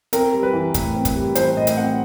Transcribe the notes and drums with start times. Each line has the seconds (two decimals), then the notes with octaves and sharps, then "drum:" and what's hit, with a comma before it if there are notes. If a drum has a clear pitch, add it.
0.13 C4 A#4, drum: hi-hat
0.33 G3
0.43 B4
0.53 E3
0.74 A2, drum: kick, hi-hat
0.95 C4
1.05 drum: kick, hi-hat
1.15 G3
1.35 E3 C5, drum: hi-hat
1.56 A2 D#5
1.67 drum: hi-hat
1.77 C4 F#5